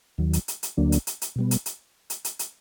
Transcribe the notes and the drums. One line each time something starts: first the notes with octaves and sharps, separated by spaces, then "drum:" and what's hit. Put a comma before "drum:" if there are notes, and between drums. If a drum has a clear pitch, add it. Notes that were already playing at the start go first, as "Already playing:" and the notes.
D#2 D#3 F#3
drum: hi-hat
drum: hi-hat
drum: hi-hat
D2 D3 F#3 A#3 D4
drum: hi-hat
drum: hi-hat
drum: hi-hat
B2 G3 B3
drum: hi-hat
drum: hi-hat
drum: hi-hat
drum: hi-hat
drum: hi-hat